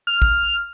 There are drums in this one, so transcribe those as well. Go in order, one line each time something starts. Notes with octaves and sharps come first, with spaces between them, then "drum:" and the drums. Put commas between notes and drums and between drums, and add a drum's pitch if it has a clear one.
F6
drum: kick